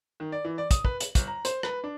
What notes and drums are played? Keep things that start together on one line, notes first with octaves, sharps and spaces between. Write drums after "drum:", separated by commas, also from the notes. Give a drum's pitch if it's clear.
D#3
D5
E3
D5
D#6, drum: kick, hi-hat
B4, drum: kick
F#7, drum: hi-hat
G1, drum: kick, hi-hat
A#5
C5, drum: hi-hat
B4, drum: rim click
D4